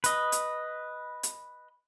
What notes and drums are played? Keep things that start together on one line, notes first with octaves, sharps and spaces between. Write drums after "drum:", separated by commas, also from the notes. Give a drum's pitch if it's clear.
B4 D#5, drum: hi-hat
drum: hi-hat
drum: hi-hat